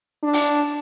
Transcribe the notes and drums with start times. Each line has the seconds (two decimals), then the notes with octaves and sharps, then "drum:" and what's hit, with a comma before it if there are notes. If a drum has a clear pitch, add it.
0.23 D4
0.33 drum: open hi-hat